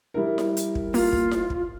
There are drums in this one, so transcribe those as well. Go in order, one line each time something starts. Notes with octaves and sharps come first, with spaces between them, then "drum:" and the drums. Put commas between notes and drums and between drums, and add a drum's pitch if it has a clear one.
G3 E4 A#4
drum: snare E4
drum: hi-hat
drum: kick
A#3 F4, drum: open hi-hat
drum: kick
drum: snare E4
drum: kick